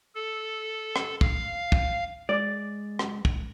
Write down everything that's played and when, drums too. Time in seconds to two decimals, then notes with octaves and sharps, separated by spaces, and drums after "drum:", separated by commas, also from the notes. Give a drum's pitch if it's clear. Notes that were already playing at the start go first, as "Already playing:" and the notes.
0.15 A4
0.96 drum: rim click
1.21 F5, drum: kick
1.72 drum: kick
2.29 G#3 D5
2.99 drum: rim click
3.25 drum: kick